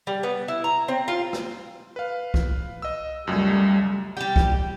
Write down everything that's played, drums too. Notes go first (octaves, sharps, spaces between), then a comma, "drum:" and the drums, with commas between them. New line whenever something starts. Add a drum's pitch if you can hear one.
G3
B3
E4
A#5
C4
F4
drum: rim click
B4 F5
drum: kick C2
D#5 E6
C#2 F#2 G3 A3
G3 G4
drum: kick C2